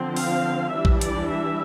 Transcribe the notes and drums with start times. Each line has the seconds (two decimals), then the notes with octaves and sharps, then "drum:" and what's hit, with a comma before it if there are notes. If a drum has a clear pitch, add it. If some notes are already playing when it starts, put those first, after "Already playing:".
Already playing: D3 F3 C4
0.17 F5, drum: open hi-hat
0.73 E3 G3 D4 E5
0.85 drum: kick A#1
1.01 D5, drum: hi-hat
1.30 E5